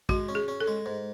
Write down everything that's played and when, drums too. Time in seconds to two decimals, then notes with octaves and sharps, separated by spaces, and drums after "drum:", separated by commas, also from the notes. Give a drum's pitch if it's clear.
0.09 G#3 F#4, drum: kick
0.29 C#4
0.35 G#4
0.48 C#4
0.60 A4
0.67 G#3
0.86 G#2